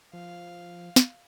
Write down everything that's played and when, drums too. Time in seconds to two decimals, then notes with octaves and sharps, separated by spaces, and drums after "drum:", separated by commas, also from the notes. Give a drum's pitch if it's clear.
0.13 F3 F5
0.96 drum: snare